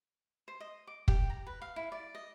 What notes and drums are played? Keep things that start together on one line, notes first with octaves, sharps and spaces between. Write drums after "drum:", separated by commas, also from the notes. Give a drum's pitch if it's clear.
C5
D#5
D6
G4, drum: kick
A#5
B4
F5
E4
D5
D#5